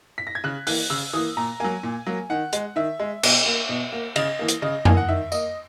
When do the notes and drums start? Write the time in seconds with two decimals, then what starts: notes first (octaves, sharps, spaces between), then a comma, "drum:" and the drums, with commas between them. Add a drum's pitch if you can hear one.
0.18 B6
0.27 A#6
0.35 G#6
0.44 C#3 F#6
0.67 E3 A#3 F#6, drum: open hi-hat
0.90 C#3 E6
1.13 E3 A#3 D#6
1.37 A#2 A#5
1.60 F#3 A#3 G#5
1.83 A#2
2.06 F#3 A#3
2.30 D#3 F#5
2.53 G#3, drum: hi-hat
2.76 D#3 E5
3.00 G#3
3.23 B2, drum: cymbal
3.46 A#3
3.69 B2
3.92 A#3
4.16 C#3 D#5, drum: cymbal
4.39 E3 A#3
4.48 drum: hi-hat
4.62 C#3 D#5
4.85 E3 A#3 G#5, drum: tom F2
4.97 F#5
5.09 D#3 E5
5.32 A#3 D#5, drum: tambourine